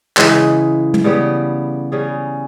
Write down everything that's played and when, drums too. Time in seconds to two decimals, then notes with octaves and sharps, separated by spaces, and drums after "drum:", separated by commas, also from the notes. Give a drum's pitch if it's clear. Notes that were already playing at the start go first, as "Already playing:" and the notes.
0.17 C#3 E3 G#3, drum: clap
0.94 drum: tom
1.04 C#3 G3 B3 G4
1.92 C#3 G3 C#4 G#4